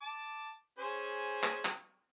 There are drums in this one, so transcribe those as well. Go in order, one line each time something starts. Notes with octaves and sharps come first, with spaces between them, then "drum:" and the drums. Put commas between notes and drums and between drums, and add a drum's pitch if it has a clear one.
A5 D6
C#4 G#4 C5
drum: clap
drum: clap